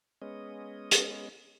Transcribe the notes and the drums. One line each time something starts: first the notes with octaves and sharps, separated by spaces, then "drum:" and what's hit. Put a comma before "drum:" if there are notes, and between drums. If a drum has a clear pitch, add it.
G#3 B3 C#4 D#5
drum: hi-hat